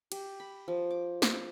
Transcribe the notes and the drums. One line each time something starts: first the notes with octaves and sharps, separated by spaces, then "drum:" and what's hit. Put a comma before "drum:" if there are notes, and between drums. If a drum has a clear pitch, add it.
G4, drum: cymbal
B5
F3
D6
drum: snare